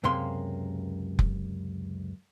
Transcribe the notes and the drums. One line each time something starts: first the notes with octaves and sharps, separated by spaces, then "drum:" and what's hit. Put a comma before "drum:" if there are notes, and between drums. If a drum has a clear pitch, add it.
C#2 F#2 C3 A#3 C6
drum: kick F1